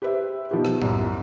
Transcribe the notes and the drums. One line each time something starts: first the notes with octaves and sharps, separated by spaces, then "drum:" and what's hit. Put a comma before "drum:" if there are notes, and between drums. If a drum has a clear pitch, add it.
G4 B4 C5 E5
B2 D#3 F3 B3 F#4 G4
drum: rim click
C2 F#2, drum: tom A2